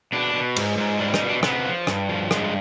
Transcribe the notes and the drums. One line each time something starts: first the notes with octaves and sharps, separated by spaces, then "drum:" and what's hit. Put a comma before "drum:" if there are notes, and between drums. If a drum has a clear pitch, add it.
B2 D4
B2
G#2, drum: cymbal
G#2
G3 D4
D#4, drum: rim click
B2
D4
C3 B3, drum: rim click
F3
G2, drum: rim click
F3
G2 G#3, drum: rim click